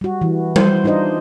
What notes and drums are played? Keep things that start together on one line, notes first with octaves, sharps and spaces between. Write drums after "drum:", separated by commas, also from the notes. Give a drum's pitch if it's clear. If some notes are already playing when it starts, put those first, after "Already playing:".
G3 F#4
E3
C5, drum: tom G3
D4 D#4 F4 C5 D#5